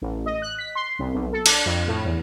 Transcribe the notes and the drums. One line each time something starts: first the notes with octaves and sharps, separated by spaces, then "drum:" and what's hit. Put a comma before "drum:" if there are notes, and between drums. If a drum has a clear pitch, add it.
A1
D#5
F#6
B6
C6
C2
B1
A4
D4, drum: cymbal
F2
A2
E2